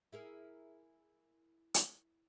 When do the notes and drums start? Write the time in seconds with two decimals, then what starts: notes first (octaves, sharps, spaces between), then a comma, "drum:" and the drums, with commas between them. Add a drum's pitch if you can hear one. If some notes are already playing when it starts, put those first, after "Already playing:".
0.12 E4 G#4 A#4
1.74 drum: hi-hat